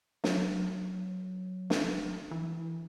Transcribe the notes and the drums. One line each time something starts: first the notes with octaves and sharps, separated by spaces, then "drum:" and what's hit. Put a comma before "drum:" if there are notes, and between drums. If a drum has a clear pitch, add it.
F#3, drum: snare
drum: snare
E3